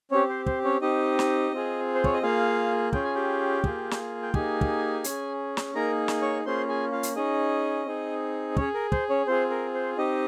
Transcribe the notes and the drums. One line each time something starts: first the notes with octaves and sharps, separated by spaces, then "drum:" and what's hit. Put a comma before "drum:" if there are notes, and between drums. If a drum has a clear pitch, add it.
C4 C#4 G4 C#5
C5
C5, drum: kick
C#4 C#5
C4 D#4 G4 D#5
drum: snare
C4 F4 G#4
C5
C#5, drum: kick
D#5
A#3 F4 G#4 F5
C#4 F4 G#4 G5, drum: kick
G#5
G4 G5
A#3 F4 G#4, drum: kick
drum: snare
G5
A#3 D#4 G4 G#4 G#5, drum: kick
drum: kick
C#4 G#4, drum: hi-hat
drum: snare
A#3 D#4 G#4 A#4 A#5
drum: snare
C#5 C#6
A#3 C#4 F4 G#4 C5 C6
G#4 G#5
F4 F5
drum: hi-hat
C#4 D#4 G#4 D#5
C4 D#4 G#4
C#4 G#4 C#5, drum: kick
A#4
C5, drum: kick
C#4 C#5
C4 F4 G#4 C5
A#4
C5
C4 D#4 G4 D#5